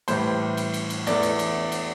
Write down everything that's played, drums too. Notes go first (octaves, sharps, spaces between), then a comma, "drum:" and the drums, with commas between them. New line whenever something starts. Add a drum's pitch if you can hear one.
A2 E3 G3 C5, drum: cymbal
drum: cymbal
drum: cymbal
drum: cymbal
E2 E3 A3 D5, drum: cymbal
drum: cymbal
drum: cymbal
drum: cymbal